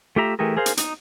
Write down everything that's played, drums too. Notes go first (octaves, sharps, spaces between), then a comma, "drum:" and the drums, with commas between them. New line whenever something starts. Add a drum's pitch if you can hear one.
A3 F4 G4 E5 A#5
E3 A3 G4 G#4 A#4
G#4 A#4 C5 F5
drum: hi-hat
D#4, drum: hi-hat